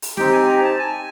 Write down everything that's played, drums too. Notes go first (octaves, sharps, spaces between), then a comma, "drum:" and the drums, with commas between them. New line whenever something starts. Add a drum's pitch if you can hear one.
drum: open hi-hat
C4 D#4 G4 G5, drum: snare
G#5
A#5
A5
G#5